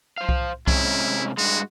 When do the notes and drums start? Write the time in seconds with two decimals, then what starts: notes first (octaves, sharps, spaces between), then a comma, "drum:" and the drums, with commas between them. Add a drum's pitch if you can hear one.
0.18 C5 F5
0.29 drum: kick C2
0.67 C3 G#3 C#4 E4, drum: kick C2
1.37 G2 G#3 F#4